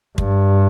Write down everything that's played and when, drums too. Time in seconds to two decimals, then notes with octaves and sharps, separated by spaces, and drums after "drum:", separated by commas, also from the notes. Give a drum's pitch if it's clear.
0.18 G2, drum: kick